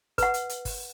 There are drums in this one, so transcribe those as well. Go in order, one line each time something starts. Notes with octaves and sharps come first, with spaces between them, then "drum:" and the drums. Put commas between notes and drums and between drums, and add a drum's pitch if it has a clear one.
B4 F#5, drum: kick G1, hi-hat
drum: hi-hat
drum: hi-hat
drum: kick G1, open hi-hat